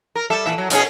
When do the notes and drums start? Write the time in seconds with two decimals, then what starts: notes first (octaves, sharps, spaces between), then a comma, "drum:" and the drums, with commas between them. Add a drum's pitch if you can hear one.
0.15 A#4
0.30 G3 A4 E5
0.46 A#2 E3 E5
0.58 F#3
0.70 B2 C#4 G#4, drum: hi-hat